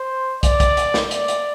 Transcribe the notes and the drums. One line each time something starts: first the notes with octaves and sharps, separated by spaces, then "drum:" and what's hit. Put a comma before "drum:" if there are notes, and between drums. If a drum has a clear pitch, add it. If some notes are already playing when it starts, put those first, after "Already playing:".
Already playing: C5
D5, drum: kick, hi-hat
drum: kick, hi-hat
drum: hi-hat
drum: snare
D5, drum: hi-hat
drum: hi-hat